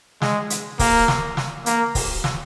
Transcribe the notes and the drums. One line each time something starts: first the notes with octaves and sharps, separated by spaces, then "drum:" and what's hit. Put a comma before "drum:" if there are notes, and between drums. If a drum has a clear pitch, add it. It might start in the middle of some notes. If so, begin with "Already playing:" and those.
G#3, drum: snare
drum: hi-hat
A#3, drum: kick, open hi-hat
drum: snare
drum: snare
A#3, drum: hi-hat
drum: kick, open hi-hat
drum: snare